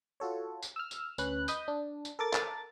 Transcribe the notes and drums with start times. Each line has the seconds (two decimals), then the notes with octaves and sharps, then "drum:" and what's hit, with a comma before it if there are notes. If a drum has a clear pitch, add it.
0.20 F4 F#4 A4 C#5
0.63 drum: tambourine
0.76 E6 F6
0.91 drum: tambourine
1.18 D2 C#4 B4 F#6, drum: tambourine
1.48 D#5 B5 D#6 G6, drum: tambourine
1.68 D4
2.05 drum: tambourine
2.19 A4 A#4 D6 A6
2.33 drum: clap